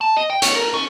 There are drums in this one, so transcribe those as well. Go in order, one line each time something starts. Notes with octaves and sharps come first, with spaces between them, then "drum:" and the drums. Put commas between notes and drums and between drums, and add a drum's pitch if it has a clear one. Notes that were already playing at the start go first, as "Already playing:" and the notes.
A5
D#5
G5
C#5, drum: hi-hat
A#4
C#4